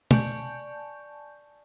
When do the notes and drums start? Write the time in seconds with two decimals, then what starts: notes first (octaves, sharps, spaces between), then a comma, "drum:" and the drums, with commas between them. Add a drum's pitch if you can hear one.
0.11 D5 G#5 A5 C#6 G6, drum: tom